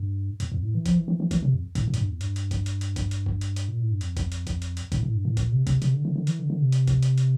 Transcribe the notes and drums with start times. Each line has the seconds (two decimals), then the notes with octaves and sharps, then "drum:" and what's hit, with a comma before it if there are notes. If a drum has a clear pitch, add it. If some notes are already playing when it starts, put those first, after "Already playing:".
Already playing: G2
0.40 E2, drum: hi-hat
0.52 F2
0.63 A2
0.75 E3
0.86 F3, drum: kick G#1, hi-hat
0.97 E3
1.08 E3
1.20 E3
1.31 E3, drum: kick G#1, hi-hat
1.43 C3
1.54 F2
1.75 A2, drum: kick G#1, hi-hat
1.88 A2
1.94 F2, drum: hi-hat
1.98 G2
2.10 E2
2.21 G2, drum: hi-hat
2.36 drum: hi-hat
2.51 drum: kick G#1, hi-hat
2.66 drum: hi-hat
2.81 drum: hi-hat
2.96 drum: kick G#1, hi-hat
3.11 drum: hi-hat
3.26 drum: kick G#1
3.41 drum: hi-hat
3.56 drum: hi-hat
3.68 A#2
3.80 A2
3.91 G2
4.01 F2, drum: hi-hat
4.17 drum: kick G#1, hi-hat
4.32 drum: hi-hat
4.47 drum: kick G#1, hi-hat
4.62 drum: hi-hat
4.77 drum: hi-hat
4.92 A2, drum: kick G#1, hi-hat
5.03 A2
5.15 G2
5.25 A2
5.37 A#2, drum: kick G#1, hi-hat
5.52 C3
5.67 C3, drum: kick G#1, hi-hat
5.82 C3, drum: hi-hat
5.94 D3
6.05 D3
6.16 D3
6.27 E3, drum: hi-hat
6.39 D3
6.50 D3
6.61 C3
6.72 drum: hi-hat
6.87 drum: kick G#1, hi-hat
7.03 drum: hi-hat
7.18 drum: hi-hat